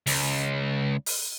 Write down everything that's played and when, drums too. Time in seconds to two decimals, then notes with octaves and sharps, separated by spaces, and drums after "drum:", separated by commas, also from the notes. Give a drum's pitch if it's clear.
0.07 C#2, drum: open hi-hat
1.06 drum: open hi-hat